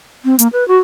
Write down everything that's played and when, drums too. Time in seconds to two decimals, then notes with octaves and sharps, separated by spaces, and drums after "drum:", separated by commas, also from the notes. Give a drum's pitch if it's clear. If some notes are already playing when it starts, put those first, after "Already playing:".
0.25 C4
0.39 A#3, drum: hi-hat
0.53 B4
0.68 F#4